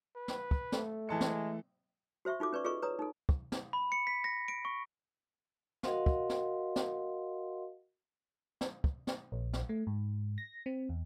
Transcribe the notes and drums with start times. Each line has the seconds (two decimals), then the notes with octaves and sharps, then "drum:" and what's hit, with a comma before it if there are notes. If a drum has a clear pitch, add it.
0.16 B4
0.28 drum: snare
0.51 drum: kick
0.72 A3, drum: snare
1.09 E3 G#3 A5 C#7
1.21 drum: snare
2.25 F#4 C5 E5 C6 C#6
2.40 D#4 F4 A4 D6
2.53 C#4 B4 D5 C#6
2.64 F4 G#4 A4 B4 D#5 C#6
2.82 B4 C#5 A#5 D#6
2.99 D#4 A4
3.29 drum: kick
3.52 drum: snare
3.73 B5
3.92 C#7
4.07 B6
4.24 A#6
4.48 D7
4.65 C#6
5.83 F#4 A#4 D#5 F5 F#5 C6, drum: snare
6.06 drum: kick
6.30 drum: snare
6.76 drum: snare
8.61 drum: snare
8.84 drum: kick
9.07 drum: snare
9.32 A#1
9.53 drum: snare
9.69 A3
9.87 G#2
10.38 A#6
10.66 C4
10.89 E2